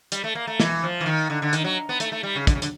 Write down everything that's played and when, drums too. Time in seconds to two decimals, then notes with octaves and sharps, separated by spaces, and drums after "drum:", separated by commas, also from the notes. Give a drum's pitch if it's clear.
0.12 G3, drum: hi-hat
0.24 A3
0.35 A#3
0.47 A3
0.60 E3, drum: snare
0.83 F3
1.01 E3
1.06 D#3
1.30 D3
1.42 D3
1.53 D#3, drum: hi-hat
1.64 F#3
1.89 B3
2.00 A3, drum: hi-hat
2.12 A3
2.23 G3
2.35 C#3
2.47 D3, drum: kick, hi-hat
2.55 C#3
2.62 D3, drum: hi-hat